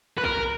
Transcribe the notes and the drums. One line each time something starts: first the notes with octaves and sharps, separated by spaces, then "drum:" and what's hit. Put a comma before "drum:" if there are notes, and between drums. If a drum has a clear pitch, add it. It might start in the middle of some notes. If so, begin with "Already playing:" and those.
B4
A#4, drum: kick A#1